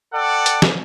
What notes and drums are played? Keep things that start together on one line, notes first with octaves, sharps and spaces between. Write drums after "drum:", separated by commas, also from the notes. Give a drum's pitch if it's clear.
A4 D5 F#5 G5 A5
drum: hi-hat
drum: snare